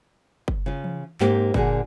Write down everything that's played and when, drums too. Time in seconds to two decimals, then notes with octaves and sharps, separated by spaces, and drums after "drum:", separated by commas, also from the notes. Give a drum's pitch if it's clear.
0.48 drum: kick F#1
0.66 C#3 F4
0.84 drum: tom E3
1.20 G#2 A#3 C4 G4, drum: clap
1.54 A#2 D3 A#3 F#4 G#4, drum: kick F#1